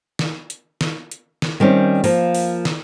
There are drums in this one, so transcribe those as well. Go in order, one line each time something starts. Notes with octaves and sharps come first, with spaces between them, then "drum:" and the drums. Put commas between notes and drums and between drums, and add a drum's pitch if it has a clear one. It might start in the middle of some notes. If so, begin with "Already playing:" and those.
drum: snare
drum: hi-hat
drum: snare
drum: hi-hat
drum: snare
D#3 G3 C4 C#4
F3 A#3, drum: open hi-hat
drum: open hi-hat
drum: snare